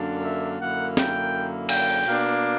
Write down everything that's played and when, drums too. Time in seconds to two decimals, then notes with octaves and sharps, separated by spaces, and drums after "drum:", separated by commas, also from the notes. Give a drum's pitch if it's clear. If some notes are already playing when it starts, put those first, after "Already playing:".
Already playing: F#2 D3 A#3 D4
0.24 E5
0.61 F#2 D3 A#3 E4 F#5
0.97 G5, drum: snare
1.69 G5, drum: cymbal
2.05 B2 A#3 D4